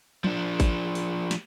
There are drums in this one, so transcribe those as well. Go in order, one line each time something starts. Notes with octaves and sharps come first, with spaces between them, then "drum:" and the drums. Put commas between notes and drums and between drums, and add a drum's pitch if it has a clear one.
F3 D4, drum: tom F3
drum: kick G#1, open hi-hat
drum: open hi-hat
drum: snare